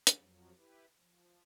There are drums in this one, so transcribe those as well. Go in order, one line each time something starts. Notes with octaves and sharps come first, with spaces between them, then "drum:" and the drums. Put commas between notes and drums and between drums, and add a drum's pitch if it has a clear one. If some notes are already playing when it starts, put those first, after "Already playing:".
drum: hi-hat
F2 F3 F#3
E4 G4 B4
F3